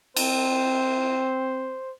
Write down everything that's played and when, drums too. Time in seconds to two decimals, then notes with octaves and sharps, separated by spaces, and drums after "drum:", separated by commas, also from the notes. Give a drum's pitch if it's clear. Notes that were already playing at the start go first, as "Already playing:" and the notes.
0.16 C4 C5, drum: cymbal